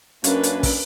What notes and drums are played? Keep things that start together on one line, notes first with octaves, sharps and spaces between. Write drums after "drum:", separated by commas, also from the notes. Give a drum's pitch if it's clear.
F#2 A#3 C#4 D4 A#4 B4, drum: hi-hat
drum: hi-hat
drum: kick, open hi-hat